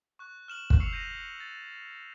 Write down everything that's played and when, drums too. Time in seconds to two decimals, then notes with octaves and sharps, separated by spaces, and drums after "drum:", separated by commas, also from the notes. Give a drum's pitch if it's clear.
0.19 C#6 F#6
0.48 F6 E7 F#7
0.70 drum: kick
0.80 C#6 E6 C7 C#7 F7
0.93 G6 A#6 D#7
1.40 A6